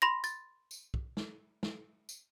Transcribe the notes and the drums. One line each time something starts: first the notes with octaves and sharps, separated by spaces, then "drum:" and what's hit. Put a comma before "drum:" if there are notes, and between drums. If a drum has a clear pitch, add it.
B5 C6 A#6
A6, drum: tambourine
drum: tambourine
drum: kick
drum: snare
drum: snare
drum: tambourine